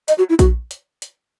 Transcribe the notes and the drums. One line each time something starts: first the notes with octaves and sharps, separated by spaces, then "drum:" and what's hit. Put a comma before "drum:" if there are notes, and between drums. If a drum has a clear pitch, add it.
D#5, drum: hi-hat
F#4
E4
F#4, drum: kick A#1, hi-hat
drum: hi-hat
drum: hi-hat